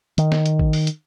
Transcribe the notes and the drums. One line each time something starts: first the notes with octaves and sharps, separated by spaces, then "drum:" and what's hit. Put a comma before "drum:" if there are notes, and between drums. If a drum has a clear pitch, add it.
D#3, drum: hi-hat
drum: snare
drum: hi-hat
drum: kick A1
drum: open hi-hat
drum: hi-hat